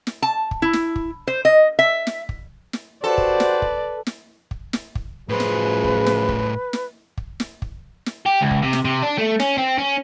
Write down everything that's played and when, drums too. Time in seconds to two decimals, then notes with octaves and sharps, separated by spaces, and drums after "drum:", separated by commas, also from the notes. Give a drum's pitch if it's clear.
0.07 drum: snare
0.22 A5
0.51 drum: kick
0.62 E4
0.73 drum: snare
0.96 drum: kick
1.27 C5
1.45 D#5
1.79 E5
2.07 drum: snare
2.29 drum: kick
2.73 drum: snare
3.04 F#4 G4 A4 B4 C5 D5
3.18 drum: kick
3.40 drum: snare
3.62 drum: kick
4.07 drum: snare
4.51 drum: kick
4.73 drum: snare
4.95 drum: kick
5.29 F#2 A2 F3 G#4 B4 C5
5.40 drum: snare
5.84 drum: kick
6.06 drum: snare
6.29 drum: kick
6.73 drum: snare
7.18 drum: kick
7.40 drum: snare
7.62 drum: kick
8.06 drum: snare
8.26 G4
8.41 C#2
8.51 drum: kick
8.63 C3
8.73 drum: snare
8.85 C3
9.02 D4
9.18 A3
9.40 C#4, drum: snare
9.58 C4
9.78 C#4